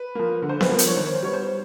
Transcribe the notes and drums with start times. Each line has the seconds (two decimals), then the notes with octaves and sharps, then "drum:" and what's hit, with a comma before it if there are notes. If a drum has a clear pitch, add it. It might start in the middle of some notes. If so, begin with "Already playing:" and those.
Already playing: B4
0.15 F3 A#3
0.42 D3
0.49 C5
0.61 B4, drum: snare B3
0.69 F3 A#3
0.78 C5, drum: hi-hat
0.87 C#5
0.96 D#3 C5
1.06 C#5
1.15 C5
1.23 G3 B3 C#5
1.33 C5